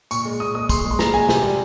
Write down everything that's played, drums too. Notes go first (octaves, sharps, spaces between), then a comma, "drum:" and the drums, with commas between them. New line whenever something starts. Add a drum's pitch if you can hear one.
A#2 C#6, drum: tambourine
G#3
A#2 D#6
G#3 D#6
A#2 C6, drum: kick, tambourine
G#3
C6
A#2 A#5, drum: snare
G#3 G#5
C3, drum: snare
G3